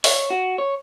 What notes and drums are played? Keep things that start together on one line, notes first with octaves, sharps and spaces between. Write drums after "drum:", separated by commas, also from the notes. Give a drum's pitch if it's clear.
C#5, drum: open hi-hat
F#4
C#5